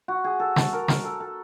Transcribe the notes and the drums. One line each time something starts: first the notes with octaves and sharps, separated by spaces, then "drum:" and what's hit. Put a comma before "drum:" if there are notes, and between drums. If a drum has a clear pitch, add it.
F#4
G#4
A4
A4, drum: snare
A#4
A#4, drum: snare
A4
A4